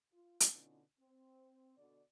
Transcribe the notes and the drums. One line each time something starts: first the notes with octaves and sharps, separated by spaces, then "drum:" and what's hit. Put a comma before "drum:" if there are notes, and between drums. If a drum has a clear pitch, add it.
F4
drum: hi-hat
B2 D3 B3 C#4 D#4 F4
C4
B2 D3 D5